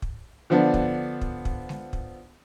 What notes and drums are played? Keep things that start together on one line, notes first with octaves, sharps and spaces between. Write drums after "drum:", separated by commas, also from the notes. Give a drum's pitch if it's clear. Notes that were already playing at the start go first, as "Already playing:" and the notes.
drum: kick
D3 F3 B3 D4
drum: kick
drum: kick
drum: kick
drum: snare G#3
drum: kick